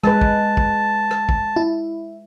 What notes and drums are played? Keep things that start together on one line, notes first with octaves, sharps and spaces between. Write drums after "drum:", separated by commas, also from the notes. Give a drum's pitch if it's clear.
G#3 B4 A5, drum: rim click
drum: kick
drum: kick
drum: rim click
drum: kick
E4